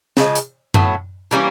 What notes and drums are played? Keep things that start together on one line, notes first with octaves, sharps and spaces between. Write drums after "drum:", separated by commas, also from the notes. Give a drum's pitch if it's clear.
C#3 F3 G#3, drum: snare
drum: hi-hat
A2 F#3 B3, drum: tom F#2
E3 G3 A#3 C#4